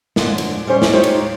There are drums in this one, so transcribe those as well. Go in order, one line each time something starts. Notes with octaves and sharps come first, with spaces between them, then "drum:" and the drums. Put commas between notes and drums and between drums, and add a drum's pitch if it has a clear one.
F#2 D3 F3, drum: snare
drum: cymbal
G3 C#4 C5 C#5
drum: snare
D#4 F4 G4 C5 C#5
drum: cymbal